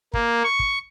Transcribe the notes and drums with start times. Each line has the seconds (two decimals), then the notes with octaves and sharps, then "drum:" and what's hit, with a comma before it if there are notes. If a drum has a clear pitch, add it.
0.14 A#3, drum: kick
0.44 C#6
0.59 drum: kick